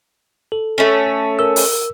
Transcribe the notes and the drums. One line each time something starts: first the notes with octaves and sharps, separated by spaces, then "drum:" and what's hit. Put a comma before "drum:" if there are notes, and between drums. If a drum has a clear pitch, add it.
A4
A3 C#4
A#4 E6
drum: open hi-hat